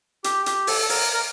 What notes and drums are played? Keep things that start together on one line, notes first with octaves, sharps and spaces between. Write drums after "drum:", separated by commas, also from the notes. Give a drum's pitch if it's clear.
G4, drum: hi-hat
G4, drum: hi-hat
A4, drum: open hi-hat
A4
A#4, drum: open hi-hat
A#4